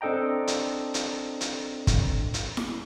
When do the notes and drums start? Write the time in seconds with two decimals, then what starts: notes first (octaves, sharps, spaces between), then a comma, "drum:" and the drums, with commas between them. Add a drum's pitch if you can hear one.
0.01 C4 D4 A4 D#5 G5 A#5
0.47 drum: hi-hat
0.94 drum: hi-hat
1.41 drum: hi-hat
1.87 drum: kick, hi-hat
2.34 drum: hi-hat
2.57 drum: snare E4